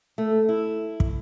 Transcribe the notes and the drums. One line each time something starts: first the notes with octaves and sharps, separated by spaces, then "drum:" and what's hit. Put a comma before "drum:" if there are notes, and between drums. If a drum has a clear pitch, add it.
A3
E4
drum: kick